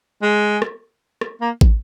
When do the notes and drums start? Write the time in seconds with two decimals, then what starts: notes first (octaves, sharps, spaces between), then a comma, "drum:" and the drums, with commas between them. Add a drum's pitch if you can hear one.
0.22 G#3
0.62 drum: rim click
1.21 drum: rim click
1.41 A#3
1.61 drum: kick